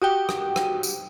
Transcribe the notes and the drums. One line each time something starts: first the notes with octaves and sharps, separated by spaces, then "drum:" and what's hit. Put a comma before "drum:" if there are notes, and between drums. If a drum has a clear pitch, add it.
F#4 G4 G5 D#6
drum: rim click
drum: rim click
drum: tambourine